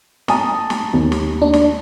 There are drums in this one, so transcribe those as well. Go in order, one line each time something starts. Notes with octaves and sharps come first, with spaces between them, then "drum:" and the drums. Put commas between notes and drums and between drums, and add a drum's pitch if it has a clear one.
A5 A#5 D#6, drum: snare
drum: snare
D#2
drum: snare
D4
drum: snare